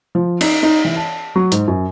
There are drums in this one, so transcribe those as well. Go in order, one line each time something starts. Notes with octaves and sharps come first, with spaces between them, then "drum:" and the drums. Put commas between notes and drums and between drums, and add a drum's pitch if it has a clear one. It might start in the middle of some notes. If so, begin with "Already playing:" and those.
F3
D#4, drum: cymbal
D#4
E3
A5
F#3
G#2, drum: hi-hat
F#2